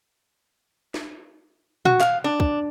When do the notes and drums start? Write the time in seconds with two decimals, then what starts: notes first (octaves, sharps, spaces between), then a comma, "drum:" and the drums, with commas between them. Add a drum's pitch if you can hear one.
0.94 drum: snare
1.85 F#4, drum: tom A#2
2.00 F5, drum: clap
2.24 D4
2.40 drum: kick